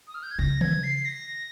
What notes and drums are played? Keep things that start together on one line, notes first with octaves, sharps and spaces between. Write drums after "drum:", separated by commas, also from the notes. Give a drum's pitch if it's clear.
D#6
F6
G6
G#6
C#3 A#6
G#6, drum: tom D#3
C7
A#6